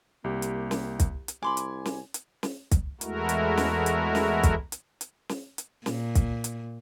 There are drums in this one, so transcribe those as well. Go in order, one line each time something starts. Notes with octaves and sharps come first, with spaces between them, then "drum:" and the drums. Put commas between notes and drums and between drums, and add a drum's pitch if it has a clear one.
C2 A#3 G4
drum: hi-hat
drum: snare
drum: kick, hi-hat
drum: hi-hat
C2 G#5 B5 C6 D6
drum: hi-hat
drum: snare
drum: hi-hat
drum: snare
drum: kick, hi-hat
E2 G#3 A3 E4 F#4 A#4, drum: hi-hat
drum: hi-hat
drum: snare
drum: hi-hat
drum: snare
drum: kick, hi-hat
drum: hi-hat
drum: hi-hat
drum: snare
drum: hi-hat
A#2, drum: snare
drum: kick, hi-hat
drum: hi-hat